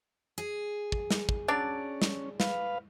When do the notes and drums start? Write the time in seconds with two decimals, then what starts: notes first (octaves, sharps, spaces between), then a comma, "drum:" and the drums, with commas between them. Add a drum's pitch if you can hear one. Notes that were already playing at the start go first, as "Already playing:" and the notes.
0.38 G#4
0.92 drum: kick
1.11 drum: snare
1.29 drum: kick
1.48 F#3 C#4 D4 D5
2.02 drum: snare
2.40 B4 F5, drum: snare